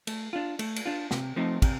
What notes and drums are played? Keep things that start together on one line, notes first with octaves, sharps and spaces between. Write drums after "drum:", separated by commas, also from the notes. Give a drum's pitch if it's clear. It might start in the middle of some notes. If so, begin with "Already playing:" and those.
A3, drum: cymbal
D4 F4
A3, drum: cymbal
drum: cymbal
D4 F4
C3, drum: snare
F3 A3 C4 D#4
C3, drum: kick, cymbal